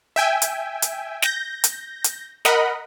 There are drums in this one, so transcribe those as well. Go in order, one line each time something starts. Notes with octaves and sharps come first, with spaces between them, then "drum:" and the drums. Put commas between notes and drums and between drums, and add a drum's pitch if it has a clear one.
E5 G5 G#5
drum: hi-hat
drum: hi-hat
G6 A#6, drum: snare
drum: hi-hat
drum: hi-hat
A#4 D#5 F#5 B5, drum: snare